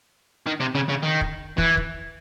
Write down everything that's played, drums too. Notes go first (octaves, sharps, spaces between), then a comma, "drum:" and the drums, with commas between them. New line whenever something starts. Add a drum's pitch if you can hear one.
D#3
C3
C#3
C#3
D#3
drum: kick
E3, drum: kick
drum: kick